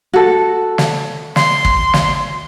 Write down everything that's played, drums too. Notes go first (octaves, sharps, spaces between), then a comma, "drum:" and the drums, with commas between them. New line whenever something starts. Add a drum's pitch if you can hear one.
F#4 A4
drum: snare
C6, drum: snare
drum: kick
drum: snare